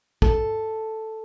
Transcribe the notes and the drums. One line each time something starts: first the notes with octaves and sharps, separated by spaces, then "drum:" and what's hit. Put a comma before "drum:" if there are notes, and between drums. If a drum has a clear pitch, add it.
A4, drum: kick